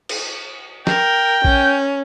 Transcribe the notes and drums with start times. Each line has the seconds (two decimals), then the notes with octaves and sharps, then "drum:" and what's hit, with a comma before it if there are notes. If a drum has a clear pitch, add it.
0.09 drum: cymbal
0.87 A#4 G5, drum: snare
1.44 C#4, drum: kick A#1